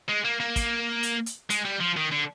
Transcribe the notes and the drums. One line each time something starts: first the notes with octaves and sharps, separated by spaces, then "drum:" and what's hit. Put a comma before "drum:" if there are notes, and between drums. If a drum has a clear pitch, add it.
G#3
A#3
A#3
drum: kick, hi-hat
drum: hi-hat
drum: hi-hat
G#3, drum: hi-hat
G3
F3
D#3
D3